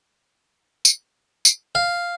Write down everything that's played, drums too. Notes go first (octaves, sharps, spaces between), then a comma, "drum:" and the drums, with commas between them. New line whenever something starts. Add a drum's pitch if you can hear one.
drum: tambourine
drum: tambourine
F5